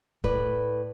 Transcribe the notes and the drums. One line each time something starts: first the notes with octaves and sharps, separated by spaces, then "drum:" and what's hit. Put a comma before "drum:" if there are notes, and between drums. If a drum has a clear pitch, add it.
A2 B4 D5, drum: kick